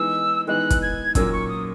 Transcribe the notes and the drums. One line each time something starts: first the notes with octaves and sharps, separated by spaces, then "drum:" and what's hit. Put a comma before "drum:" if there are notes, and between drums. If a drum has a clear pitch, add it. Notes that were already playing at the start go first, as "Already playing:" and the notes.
Already playing: E3 G#3 B3 D#4 E6
E3 G#3 B3 D#4 F#6
drum: kick, hi-hat
G#6
A#2 F#3 A#3 C#4 E6, drum: kick, hi-hat
C#6
D#6